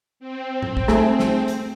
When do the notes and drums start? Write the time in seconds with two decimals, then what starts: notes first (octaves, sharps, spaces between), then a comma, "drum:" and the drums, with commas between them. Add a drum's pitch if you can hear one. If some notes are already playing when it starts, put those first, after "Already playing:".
0.20 C4
0.62 drum: tom A2
0.77 drum: kick
0.88 A3 G#4, drum: snare
1.19 drum: snare
1.48 drum: hi-hat